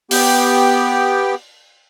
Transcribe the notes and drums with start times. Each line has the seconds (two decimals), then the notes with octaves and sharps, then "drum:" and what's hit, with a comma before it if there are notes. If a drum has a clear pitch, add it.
0.11 B3 G4 G5, drum: open hi-hat